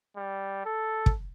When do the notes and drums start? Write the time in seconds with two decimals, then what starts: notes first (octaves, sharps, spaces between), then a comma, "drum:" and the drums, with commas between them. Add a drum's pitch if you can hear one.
0.17 G3
0.66 A4
1.06 drum: kick